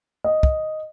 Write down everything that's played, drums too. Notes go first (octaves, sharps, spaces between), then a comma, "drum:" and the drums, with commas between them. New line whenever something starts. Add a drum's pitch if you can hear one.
D#5
drum: kick